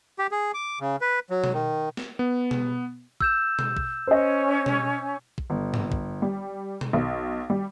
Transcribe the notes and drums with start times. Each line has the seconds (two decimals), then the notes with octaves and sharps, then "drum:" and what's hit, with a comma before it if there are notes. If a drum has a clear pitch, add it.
0.19 G4
0.31 G#4
0.54 D6
0.80 C#3
1.01 B4
1.30 F#3
1.44 drum: tom B2
1.54 D#3
1.97 drum: snare
2.19 B3
2.51 drum: tom B2
3.20 E6 G6 E7, drum: kick
3.59 drum: tom B2
3.77 drum: kick
4.07 C#4 C5 D#5
4.66 drum: tom B2
5.38 drum: kick
5.50 G1
5.74 drum: tom G#2
5.92 drum: kick
6.22 G3
6.81 drum: tom B2
6.93 B1
7.50 G3